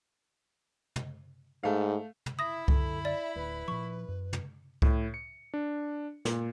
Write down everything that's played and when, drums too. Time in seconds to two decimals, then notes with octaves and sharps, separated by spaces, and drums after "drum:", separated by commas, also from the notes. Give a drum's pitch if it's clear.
0.96 drum: tom
1.63 G#2 A3 F5
2.26 drum: tom
2.39 E4 E5 B5 D#6 A#6
2.68 F#2 D3 A4, drum: kick C2
3.05 D5 E5
3.36 D1 B4
3.68 A#2 F3 C#6
4.08 F#2
4.33 drum: tom
4.82 A2, drum: kick C2
5.14 C#7
5.54 D4
6.25 A#2, drum: snare